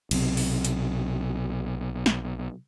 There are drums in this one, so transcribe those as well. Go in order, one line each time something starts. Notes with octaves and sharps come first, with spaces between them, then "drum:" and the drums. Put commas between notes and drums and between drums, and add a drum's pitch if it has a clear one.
B1 C3, drum: cymbal
drum: open hi-hat
drum: hi-hat
drum: snare